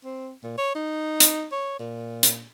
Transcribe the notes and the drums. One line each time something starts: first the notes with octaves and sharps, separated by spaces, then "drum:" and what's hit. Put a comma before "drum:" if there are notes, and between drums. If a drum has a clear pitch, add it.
C4
A#2
C#5
D#4
drum: hi-hat
C#5
A#2
drum: hi-hat